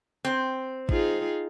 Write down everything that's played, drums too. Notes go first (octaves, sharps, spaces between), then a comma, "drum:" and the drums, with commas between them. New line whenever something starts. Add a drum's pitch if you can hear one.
C4
D#4 F4 G#4, drum: kick A1